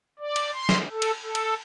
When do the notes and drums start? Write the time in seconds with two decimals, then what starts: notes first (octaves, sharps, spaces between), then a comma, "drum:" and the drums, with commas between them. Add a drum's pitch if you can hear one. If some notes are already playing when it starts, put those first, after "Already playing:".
0.19 D5
0.36 drum: cymbal
0.54 C6
0.69 drum: snare
0.92 A4
1.02 drum: cymbal
1.23 A4
1.35 drum: cymbal